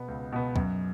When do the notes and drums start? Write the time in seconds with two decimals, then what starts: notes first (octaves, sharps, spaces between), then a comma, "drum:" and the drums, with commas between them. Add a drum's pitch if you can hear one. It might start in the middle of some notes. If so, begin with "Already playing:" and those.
Already playing: B2 B3
0.08 C#2
0.32 B2 B3
0.56 F#2, drum: kick